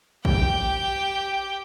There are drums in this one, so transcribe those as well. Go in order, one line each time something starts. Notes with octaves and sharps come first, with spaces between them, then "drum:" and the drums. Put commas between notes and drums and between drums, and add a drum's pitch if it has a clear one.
G4 G5, drum: kick